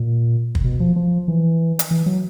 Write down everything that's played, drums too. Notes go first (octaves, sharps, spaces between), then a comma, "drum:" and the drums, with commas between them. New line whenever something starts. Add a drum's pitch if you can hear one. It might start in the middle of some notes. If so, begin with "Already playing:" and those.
Already playing: A#2
drum: kick
B2
F3
F3
E3
drum: hi-hat
E3
F#3